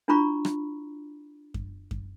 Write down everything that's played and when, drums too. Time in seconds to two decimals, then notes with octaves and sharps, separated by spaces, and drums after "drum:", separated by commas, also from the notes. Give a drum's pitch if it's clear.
0.08 D4 E4 F4 A#5 B5 C#6
0.45 drum: rim click
1.54 drum: kick F#2
1.91 drum: kick F#2